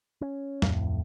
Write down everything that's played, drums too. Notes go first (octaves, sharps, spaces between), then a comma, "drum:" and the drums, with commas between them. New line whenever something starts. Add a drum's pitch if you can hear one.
C#4
D1 F2 A2, drum: snare